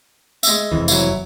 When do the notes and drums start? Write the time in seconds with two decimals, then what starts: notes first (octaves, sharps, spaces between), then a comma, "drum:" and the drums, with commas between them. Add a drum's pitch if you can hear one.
0.43 G#3 E5, drum: tambourine
0.72 F1 F2 E3
0.88 F#3 E4, drum: tambourine